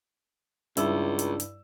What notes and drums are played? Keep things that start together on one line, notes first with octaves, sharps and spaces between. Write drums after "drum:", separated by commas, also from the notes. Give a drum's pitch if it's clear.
C#2 G2 E4 E6, drum: hi-hat
drum: hi-hat
drum: hi-hat